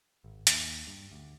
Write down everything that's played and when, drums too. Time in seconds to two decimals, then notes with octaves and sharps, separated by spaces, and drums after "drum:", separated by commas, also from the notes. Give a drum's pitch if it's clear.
0.24 G#1
0.47 D#2, drum: hi-hat
0.87 G2
1.12 D2